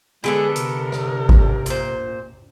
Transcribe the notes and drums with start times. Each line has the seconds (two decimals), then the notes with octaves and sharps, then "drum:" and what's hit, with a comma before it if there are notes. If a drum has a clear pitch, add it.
0.24 D3 G#3 B3 G#4 A4
0.56 C3 A#4, drum: hi-hat
0.92 drum: rim click
1.29 drum: kick G#1
1.66 A#2 C5, drum: hi-hat